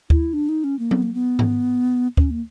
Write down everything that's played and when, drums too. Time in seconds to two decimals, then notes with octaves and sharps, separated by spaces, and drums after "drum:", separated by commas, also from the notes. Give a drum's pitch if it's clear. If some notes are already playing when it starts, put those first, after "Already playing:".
0.10 E4, drum: kick D2
0.33 D4
0.49 D#4
0.64 C#4
0.79 A#3
0.91 B3, drum: tom F#3
1.03 A#3
1.14 B3
1.39 drum: tom G#2
2.17 C#4, drum: kick D2
2.31 A#3